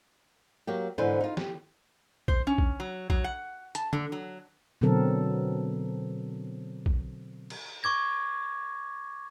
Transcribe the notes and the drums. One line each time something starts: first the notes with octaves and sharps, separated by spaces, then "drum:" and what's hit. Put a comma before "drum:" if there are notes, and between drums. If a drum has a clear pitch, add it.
F#3 A#3 G4
G#2 D3 E3 B4 C5
D#4 F4
G4, drum: snare
C5, drum: kick
C#4
drum: kick
F#3
F#3, drum: kick
F#5
A5, drum: hi-hat
D3, drum: tom D3
F#3
B2 D3 F#3 C4 A4 A#4
drum: kick
drum: cymbal
C#6 D6 G#6 A#6